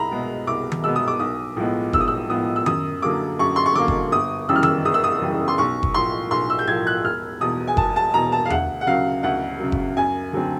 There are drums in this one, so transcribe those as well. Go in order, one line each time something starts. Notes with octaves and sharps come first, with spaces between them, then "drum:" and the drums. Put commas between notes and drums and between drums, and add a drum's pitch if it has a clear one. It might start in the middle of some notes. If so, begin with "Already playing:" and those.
Already playing: C2 A#5 B5
B2 G#3 B3
C2 D6
drum: tom D#3
B2 G#3 B3 E6
D#6
D6
B1 D#6
A2 F3 G#3 B3
B1 E6, drum: kick F#1
D#6
E6
A2 F3 G#3 B3 D#6
E6
F#2 D#6, drum: tom D#3
D3 F#3 A#3 D6
F#2 C#6
C6
C#6
D3 F#3 A#3 D6
drum: kick F#1
G1 D#6
F#2 C#3 E3 G3 E6
F6
E6, drum: tom D#3
G1 D#6
E6
D#6
F#2 C#3 E3 G3
C6
B1 C#6
drum: kick F#1
A2 F3 C6
B1 C6
E6
G6
A2 F3 G#6
F#6
E1 F6
E2 B2 D#6
G#5
E1 A5, drum: kick F#1
A5
E2 B2 A#5
A5
F5
D2 F#5, drum: tom E2
F#5
C#3 F#3 F5
D2 F#5
C#3 F#3
drum: kick F#1
F#2 G#5
D3 F#3 A3 C4